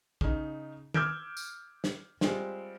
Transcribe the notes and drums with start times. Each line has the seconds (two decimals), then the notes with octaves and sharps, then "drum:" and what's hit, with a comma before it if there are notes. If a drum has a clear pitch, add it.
0.21 C#3 D#4, drum: kick
0.94 D6 E6 F6 G6 G#6 D7, drum: tom
1.37 drum: tambourine
1.84 drum: snare
2.21 G3 G#3 C4 F4, drum: snare